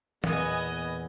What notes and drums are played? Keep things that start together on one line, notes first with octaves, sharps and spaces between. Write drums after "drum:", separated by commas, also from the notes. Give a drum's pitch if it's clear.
E2 A#2 B3 D#5 G#5 D#6, drum: tom